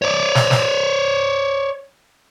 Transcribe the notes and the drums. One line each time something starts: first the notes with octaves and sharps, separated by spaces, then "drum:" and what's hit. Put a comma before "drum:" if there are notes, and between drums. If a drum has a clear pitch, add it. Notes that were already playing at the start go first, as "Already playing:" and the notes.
C#5 D5
drum: snare
drum: snare